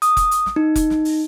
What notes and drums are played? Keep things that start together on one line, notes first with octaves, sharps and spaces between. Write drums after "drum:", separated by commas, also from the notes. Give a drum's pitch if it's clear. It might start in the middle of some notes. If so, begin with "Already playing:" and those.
D#6, drum: hi-hat
drum: kick F1, hi-hat
drum: hi-hat
drum: snare
D#4
drum: kick F1, hi-hat
drum: snare
drum: open hi-hat